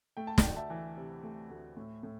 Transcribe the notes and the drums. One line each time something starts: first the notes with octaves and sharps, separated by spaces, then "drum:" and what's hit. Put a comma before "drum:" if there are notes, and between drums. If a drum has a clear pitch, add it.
A3 G5
A5
D5 G5, drum: snare
D2
E5 A5
E3
C3
A3
D2
A2
A2